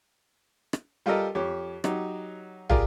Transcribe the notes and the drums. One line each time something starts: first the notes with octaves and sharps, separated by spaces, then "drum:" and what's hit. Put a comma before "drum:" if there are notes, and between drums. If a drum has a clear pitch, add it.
drum: rim click
G3 F4 G4 A4 A#4 D#5
F2 G4 C#5
F#3 D#4 G4, drum: rim click
F4 G4 G#4 A#4 D5, drum: tom